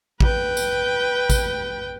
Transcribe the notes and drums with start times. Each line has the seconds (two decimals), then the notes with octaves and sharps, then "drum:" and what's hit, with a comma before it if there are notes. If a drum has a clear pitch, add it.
0.20 B4 G5, drum: kick A1
0.57 drum: tambourine
1.30 drum: kick A1, tambourine